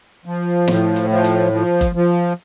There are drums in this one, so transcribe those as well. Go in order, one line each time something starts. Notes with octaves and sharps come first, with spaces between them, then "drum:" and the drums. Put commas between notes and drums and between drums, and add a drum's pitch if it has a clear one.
F3
A2, drum: snare
drum: hi-hat
F3
drum: hi-hat
F3
drum: kick F#1, hi-hat
F3